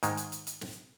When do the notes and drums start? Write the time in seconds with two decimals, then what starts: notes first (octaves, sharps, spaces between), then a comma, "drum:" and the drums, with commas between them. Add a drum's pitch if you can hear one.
0.03 G#2 D#3 G#3, drum: hi-hat
0.17 drum: hi-hat
0.32 drum: hi-hat
0.47 drum: hi-hat
0.61 drum: snare